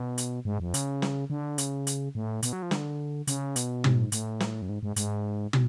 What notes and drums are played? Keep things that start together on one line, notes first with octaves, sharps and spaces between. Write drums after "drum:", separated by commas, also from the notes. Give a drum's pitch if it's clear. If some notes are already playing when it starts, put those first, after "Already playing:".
Already playing: B2
drum: hi-hat
G#2
F2
C#3, drum: hi-hat
drum: snare
D3
C#3, drum: hi-hat
drum: hi-hat
A2
B2, drum: hi-hat
F#3
F3
D3, drum: snare
C#3, drum: hi-hat
B2, drum: hi-hat
G#2, drum: tom
A2, drum: hi-hat
drum: snare
F#2
G#2
G#2
G#2, drum: hi-hat
drum: tom